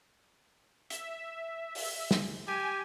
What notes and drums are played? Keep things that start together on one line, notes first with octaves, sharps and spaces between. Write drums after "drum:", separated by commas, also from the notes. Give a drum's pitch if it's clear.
E5, drum: hi-hat
drum: open hi-hat
drum: snare
G4 G#5